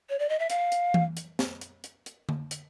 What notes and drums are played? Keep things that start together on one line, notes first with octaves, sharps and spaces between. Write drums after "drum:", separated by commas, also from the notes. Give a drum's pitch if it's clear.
C#5
D5
D#5
E5
F5, drum: hi-hat
drum: hi-hat
drum: tom E3
drum: hi-hat
drum: snare
drum: hi-hat
drum: hi-hat
drum: hi-hat
drum: tom D3
drum: hi-hat